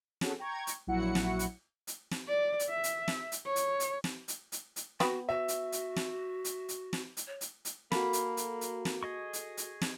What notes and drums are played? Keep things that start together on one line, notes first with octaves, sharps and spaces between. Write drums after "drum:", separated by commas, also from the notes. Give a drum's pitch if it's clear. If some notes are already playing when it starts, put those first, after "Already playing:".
C#4 F#4 G#4 A4, drum: snare
G5 A#5 C#6 G#6
drum: hi-hat
A#1 F#3 E4 F#4 F#5 C#7
drum: snare
drum: hi-hat
drum: hi-hat
drum: snare
D5
drum: hi-hat
E5
drum: hi-hat
drum: snare
drum: hi-hat
C#5
drum: hi-hat
drum: hi-hat
drum: snare
drum: hi-hat
drum: hi-hat
drum: hi-hat
B3 F#4 B4 G5, drum: snare
F#4 E5
drum: hi-hat
drum: hi-hat
drum: snare
drum: hi-hat
drum: hi-hat
drum: snare
drum: hi-hat
C#5
drum: hi-hat
drum: hi-hat
A#3 F#4 A4 B5, drum: snare
drum: hi-hat
drum: hi-hat
drum: hi-hat
drum: snare
G#4 D#5 C#6
drum: hi-hat
drum: hi-hat
drum: snare